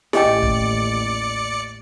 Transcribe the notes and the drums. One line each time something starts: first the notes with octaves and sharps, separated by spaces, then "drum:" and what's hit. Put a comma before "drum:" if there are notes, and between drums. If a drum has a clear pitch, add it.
A1 D#2 G4 D5 D#5 G5 C#7, drum: snare E4
drum: kick